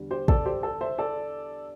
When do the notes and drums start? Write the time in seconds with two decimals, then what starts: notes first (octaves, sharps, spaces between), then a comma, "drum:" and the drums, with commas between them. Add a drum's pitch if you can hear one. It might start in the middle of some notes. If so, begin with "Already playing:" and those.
Already playing: E2 D3 G3
0.11 G4 C5
0.28 A4 D5, drum: kick
0.45 G4 C5
0.63 A4
0.81 C5 E5
0.98 A4 D5